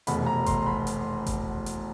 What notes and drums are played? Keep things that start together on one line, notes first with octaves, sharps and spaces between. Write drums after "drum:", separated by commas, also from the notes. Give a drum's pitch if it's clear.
F1 E2 B2 B5, drum: hi-hat
A#5
C6, drum: kick F#1, hi-hat
B5
drum: hi-hat
drum: kick F#1, hi-hat
drum: hi-hat